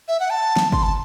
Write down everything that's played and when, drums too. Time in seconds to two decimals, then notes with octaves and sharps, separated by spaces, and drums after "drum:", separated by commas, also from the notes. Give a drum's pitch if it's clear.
0.08 E5
0.20 F#5
0.30 A5
0.56 drum: snare
0.72 C6, drum: kick
0.83 A5